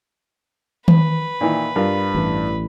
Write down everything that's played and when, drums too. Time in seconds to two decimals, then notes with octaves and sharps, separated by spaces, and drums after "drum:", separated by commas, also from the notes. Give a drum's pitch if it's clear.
0.88 B4, drum: tom D#3
1.41 A#2 D#3 E3
1.76 G2 F4 A#4
2.15 A1 E3